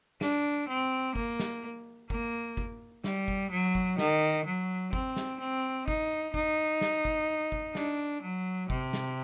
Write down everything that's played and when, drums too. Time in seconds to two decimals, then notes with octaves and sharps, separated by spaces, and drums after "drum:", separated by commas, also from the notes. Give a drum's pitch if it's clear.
0.21 D4, drum: snare
0.69 C4
1.15 A#3, drum: kick G1
1.39 drum: snare
2.10 A#3, drum: kick G1
2.57 drum: kick G1
3.04 G3, drum: snare
3.28 drum: kick G1
3.51 F#3
3.75 drum: kick G1
3.98 D#3, drum: snare
4.46 F#3
4.93 C4, drum: kick G1
5.16 drum: snare
5.40 C4
5.88 D#4, drum: kick G1
6.34 D#4, drum: kick G1
6.81 drum: snare
7.05 drum: kick G1
7.52 drum: kick G1
7.75 D4, drum: snare
8.23 F#3
8.70 C3, drum: kick G1
8.93 drum: snare